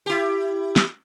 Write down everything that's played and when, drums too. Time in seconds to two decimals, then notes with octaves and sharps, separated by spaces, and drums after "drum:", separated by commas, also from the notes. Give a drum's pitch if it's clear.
0.06 E4 G4
0.76 drum: snare